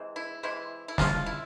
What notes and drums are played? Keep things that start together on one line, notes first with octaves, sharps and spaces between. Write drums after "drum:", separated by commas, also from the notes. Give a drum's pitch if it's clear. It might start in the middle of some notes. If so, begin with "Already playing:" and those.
Already playing: C3 E3 G#3 C4
E4
C3 E3 G#3 C4 E4
E4
F3 G#3 C#4 F4, drum: snare
E4